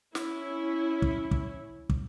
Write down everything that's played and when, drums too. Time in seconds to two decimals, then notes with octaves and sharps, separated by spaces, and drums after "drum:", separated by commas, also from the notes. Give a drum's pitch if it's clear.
0.15 C#4 E4, drum: snare
1.02 drum: kick
1.31 drum: kick
1.89 drum: kick